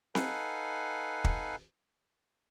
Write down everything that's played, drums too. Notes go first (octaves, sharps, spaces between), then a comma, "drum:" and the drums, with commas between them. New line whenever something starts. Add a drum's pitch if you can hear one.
D#4 A4 B4 F5 F#5 G#5, drum: snare C4
drum: kick